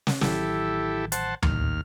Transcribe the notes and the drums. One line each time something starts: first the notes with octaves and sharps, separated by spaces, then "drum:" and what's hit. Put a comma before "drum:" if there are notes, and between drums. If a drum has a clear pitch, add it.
drum: snare
A1 D#3 F#3 E4 G4 A4, drum: snare
C5 F#5 A5, drum: hi-hat
A#1 D#2 A2 A3 F6, drum: tom D2